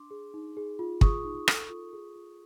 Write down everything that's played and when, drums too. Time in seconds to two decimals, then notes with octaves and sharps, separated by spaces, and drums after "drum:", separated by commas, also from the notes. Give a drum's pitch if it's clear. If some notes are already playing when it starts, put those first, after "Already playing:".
Already playing: D4 C6 D6
0.11 G#4
0.34 D#4
0.57 G#4
0.79 F4
1.01 G#4 C#6 D#6, drum: kick
1.24 D#4
1.48 A4, drum: rim click
1.70 F4
1.93 G#4
2.16 F4